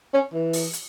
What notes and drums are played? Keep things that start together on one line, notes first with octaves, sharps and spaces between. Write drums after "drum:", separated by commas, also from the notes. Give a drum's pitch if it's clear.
C#4
E3
drum: open hi-hat
drum: hi-hat